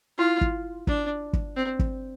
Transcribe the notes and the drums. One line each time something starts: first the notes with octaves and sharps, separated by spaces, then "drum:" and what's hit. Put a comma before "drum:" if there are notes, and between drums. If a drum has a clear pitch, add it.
E4 F4
drum: kick
D4, drum: kick
drum: kick
C4
drum: kick